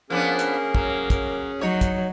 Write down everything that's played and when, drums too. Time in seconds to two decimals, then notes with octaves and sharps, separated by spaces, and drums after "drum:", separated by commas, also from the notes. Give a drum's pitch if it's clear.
0.10 F3 A#3 B3 C#4 D4 G#4
0.39 drum: hi-hat
0.75 F#3, drum: kick
1.10 drum: kick, hi-hat
1.61 F#3 D#4 C#5
1.81 drum: kick, hi-hat